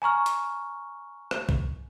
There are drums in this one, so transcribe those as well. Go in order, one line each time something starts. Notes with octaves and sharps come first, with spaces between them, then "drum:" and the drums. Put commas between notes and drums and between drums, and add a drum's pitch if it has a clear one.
G#5 A#5 C#6 F6
drum: hi-hat
drum: rim click
drum: kick B1